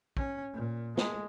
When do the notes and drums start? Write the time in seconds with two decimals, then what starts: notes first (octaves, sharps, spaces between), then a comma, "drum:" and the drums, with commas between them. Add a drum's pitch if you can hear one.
0.17 C#4, drum: kick
0.53 A#2
0.97 G#3, drum: snare